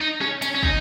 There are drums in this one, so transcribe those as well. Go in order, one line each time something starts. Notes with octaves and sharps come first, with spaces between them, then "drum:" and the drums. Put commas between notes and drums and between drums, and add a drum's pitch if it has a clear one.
D#4
C#4, drum: rim click
C#4, drum: hi-hat
C#4
D#4, drum: kick